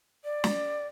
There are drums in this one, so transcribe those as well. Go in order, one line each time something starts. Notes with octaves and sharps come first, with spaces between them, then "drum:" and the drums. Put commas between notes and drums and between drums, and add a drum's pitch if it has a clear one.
D5
drum: snare